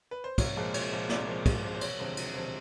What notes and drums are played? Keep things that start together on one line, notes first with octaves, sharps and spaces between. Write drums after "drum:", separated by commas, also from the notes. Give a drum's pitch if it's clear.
B4
C5
C2 C#5, drum: kick, cymbal
A#2 F3 G#3
C2 C#5, drum: cymbal
A#2 F3 G#3
C2 D5, drum: snare
A#2 F3 G#3
C2, drum: kick, cymbal
A#2 F3 G#3
C5
E1 C#5, drum: cymbal
D2 C3 F3 G#3
E1, drum: cymbal
D2 C3 F3 G#3